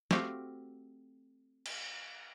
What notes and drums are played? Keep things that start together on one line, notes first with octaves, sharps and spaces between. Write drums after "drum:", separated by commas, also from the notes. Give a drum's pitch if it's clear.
A3 C4 F#4 G4 F5 F#5, drum: snare
drum: cymbal